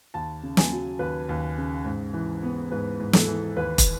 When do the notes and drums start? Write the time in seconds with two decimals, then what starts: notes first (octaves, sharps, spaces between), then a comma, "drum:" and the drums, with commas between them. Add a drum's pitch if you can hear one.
0.14 D#2 A5
0.43 C#3
0.57 G#5, drum: snare
0.72 F#3
0.99 D#2 B4
1.29 D#2
1.57 C#3
1.85 G#2
2.13 E3
2.43 B3
2.71 G#2 B4
3.00 G#2
3.13 A4, drum: snare
3.28 E3
3.56 D#2 B4
3.78 drum: kick, hi-hat